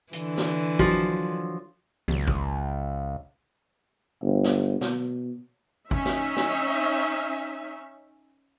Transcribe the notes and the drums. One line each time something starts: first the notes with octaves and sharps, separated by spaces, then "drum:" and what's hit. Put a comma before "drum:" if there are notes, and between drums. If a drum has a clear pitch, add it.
D3 E3, drum: hi-hat
drum: snare
F3 F#3, drum: kick G#1
C#2, drum: tom D#3
drum: kick G#1
G1
drum: snare
B2, drum: snare
C#4 D#4 E5, drum: kick G#1
drum: snare
drum: snare